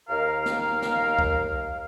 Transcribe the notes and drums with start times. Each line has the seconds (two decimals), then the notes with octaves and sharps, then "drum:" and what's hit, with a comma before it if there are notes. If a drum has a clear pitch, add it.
0.09 D#2 A#4 F5
0.46 drum: snare
0.82 drum: snare
1.19 drum: kick C2